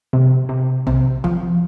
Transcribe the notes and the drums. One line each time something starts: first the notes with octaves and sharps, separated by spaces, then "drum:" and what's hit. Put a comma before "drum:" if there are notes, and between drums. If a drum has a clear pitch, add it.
C3
C3
C3, drum: tom B1
F3, drum: kick